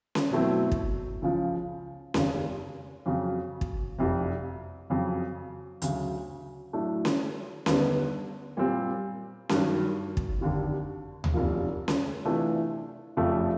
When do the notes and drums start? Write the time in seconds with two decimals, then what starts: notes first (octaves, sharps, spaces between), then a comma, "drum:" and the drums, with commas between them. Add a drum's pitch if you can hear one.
0.15 drum: snare C#4
0.31 B2 F#3 A3 C4 E4
0.72 drum: kick
1.22 C#2 C#3 F3
2.14 F1 D#2 C#3, drum: snare C#4
3.06 F2 C#3 F#3
3.61 drum: kick
3.98 F1 F2 C3
4.90 F2 C#3 F#3
5.82 D2 C#3 F#3, drum: hi-hat
6.73 A2 F#3 A3 D4
7.05 drum: snare C#4
7.66 D#2 D3 G3 B3 D#4, drum: snare C#4
8.57 A#2 G3 C4
9.49 G2 D#3 F#3, drum: snare C#4
10.17 drum: kick
10.41 F1 D#2 D3
11.24 drum: tom D2
11.34 F1 D#2 C#3 F3 A#3
11.88 drum: snare C#4
12.25 C3 E3 A3 D4 F4
13.17 F1 F2 C#3 F3 A3